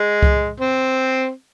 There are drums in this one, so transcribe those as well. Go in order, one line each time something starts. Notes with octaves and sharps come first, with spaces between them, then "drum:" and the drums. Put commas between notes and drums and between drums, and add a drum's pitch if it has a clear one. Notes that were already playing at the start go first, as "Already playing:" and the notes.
Already playing: G#3
drum: kick C2
C4